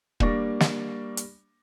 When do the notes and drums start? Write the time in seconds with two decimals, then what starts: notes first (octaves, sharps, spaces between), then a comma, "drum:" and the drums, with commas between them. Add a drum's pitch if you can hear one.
0.20 G3 A#3 D4 D5 C#6 A#6, drum: kick
0.60 drum: snare
1.17 drum: hi-hat